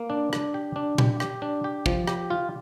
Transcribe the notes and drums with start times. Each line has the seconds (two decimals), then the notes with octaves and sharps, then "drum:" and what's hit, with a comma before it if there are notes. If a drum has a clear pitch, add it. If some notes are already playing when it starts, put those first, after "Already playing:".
Already playing: A#3
0.10 D4
0.33 D4, drum: rim click
0.54 G4
0.76 D4
0.98 G4, drum: tom A#2
1.20 G4, drum: rim click
1.42 D4
1.64 G4
1.86 F3, drum: kick
2.08 G4, drum: rim click
2.30 F4